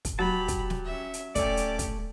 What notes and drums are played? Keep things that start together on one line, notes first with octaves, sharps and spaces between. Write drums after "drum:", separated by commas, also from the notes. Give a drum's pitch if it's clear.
drum: kick, hi-hat
F#3 G4 A5 B5
drum: kick, hi-hat
drum: snare
C#4 E5
drum: hi-hat
A3 C#4 G4 A4 D5 D6, drum: kick, hi-hat
drum: hi-hat
drum: kick, hi-hat